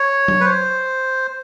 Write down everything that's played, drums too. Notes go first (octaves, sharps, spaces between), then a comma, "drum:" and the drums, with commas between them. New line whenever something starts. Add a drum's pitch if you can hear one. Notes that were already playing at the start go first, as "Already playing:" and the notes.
Already playing: C#5
drum: tom
B4
C5